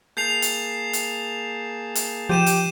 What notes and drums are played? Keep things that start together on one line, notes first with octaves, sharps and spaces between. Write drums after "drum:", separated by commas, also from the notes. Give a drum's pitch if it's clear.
A#3 G#4 A5 G6 C7 F7
drum: hi-hat
drum: hi-hat
drum: hi-hat
F3 G4 G6 D#7 E7
drum: hi-hat